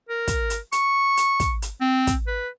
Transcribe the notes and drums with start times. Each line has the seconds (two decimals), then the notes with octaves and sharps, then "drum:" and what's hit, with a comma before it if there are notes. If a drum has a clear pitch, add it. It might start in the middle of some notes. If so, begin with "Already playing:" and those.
0.09 A#4
0.28 drum: kick, hi-hat
0.50 drum: hi-hat
0.72 C#6, drum: hi-hat
1.17 drum: hi-hat
1.40 drum: kick, hi-hat
1.62 drum: hi-hat
1.81 C4
2.07 drum: kick, hi-hat
2.27 B4